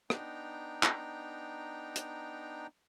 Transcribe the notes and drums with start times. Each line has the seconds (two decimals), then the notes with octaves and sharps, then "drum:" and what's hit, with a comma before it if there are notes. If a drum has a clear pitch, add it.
0.10 B3 D4 D#4 G5 A#5, drum: rim click
0.83 drum: clap
1.96 drum: hi-hat